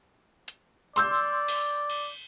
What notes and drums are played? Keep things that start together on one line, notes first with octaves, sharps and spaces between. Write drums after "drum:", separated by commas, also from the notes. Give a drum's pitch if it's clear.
drum: hi-hat
D5 C6 E6 G6, drum: hi-hat
drum: open hi-hat
drum: cymbal